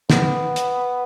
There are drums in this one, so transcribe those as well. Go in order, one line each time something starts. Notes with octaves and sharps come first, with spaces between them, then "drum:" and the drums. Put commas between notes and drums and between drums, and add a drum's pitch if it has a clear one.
B3, drum: snare
drum: hi-hat